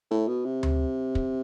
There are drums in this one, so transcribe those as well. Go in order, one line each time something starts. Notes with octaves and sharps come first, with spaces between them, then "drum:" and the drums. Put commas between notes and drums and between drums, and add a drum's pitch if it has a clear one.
A2
B2
C3
drum: tom D2
drum: kick